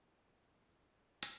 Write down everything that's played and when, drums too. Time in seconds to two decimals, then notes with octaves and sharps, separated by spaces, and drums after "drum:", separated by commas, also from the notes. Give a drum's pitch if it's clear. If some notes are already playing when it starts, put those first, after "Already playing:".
Already playing: C2 B2 G3
0.21 A3
0.79 E1 D2 D3 A3
1.23 G3, drum: hi-hat